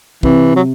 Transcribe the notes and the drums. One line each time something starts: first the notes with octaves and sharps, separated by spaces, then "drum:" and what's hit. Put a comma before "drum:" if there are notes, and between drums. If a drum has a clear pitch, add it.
C3 E3, drum: kick
F#3